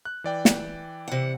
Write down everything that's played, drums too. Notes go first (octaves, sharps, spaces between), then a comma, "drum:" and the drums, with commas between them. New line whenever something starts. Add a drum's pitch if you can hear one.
F#6
E3 D5 G5
drum: snare
C3 F#5